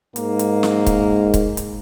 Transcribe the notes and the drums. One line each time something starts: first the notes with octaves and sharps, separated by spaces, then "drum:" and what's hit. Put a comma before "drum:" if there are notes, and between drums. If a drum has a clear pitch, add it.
G#2 A#3, drum: hi-hat
drum: hi-hat
drum: snare
drum: kick, hi-hat
drum: kick, hi-hat
drum: hi-hat